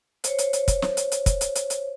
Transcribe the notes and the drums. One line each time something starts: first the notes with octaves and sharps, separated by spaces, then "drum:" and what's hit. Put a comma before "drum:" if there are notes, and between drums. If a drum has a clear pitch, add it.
C5 C#5, drum: hi-hat
drum: hi-hat
drum: hi-hat
drum: kick, hi-hat
drum: snare
drum: hi-hat
drum: hi-hat
drum: kick, hi-hat
drum: hi-hat
drum: hi-hat
drum: hi-hat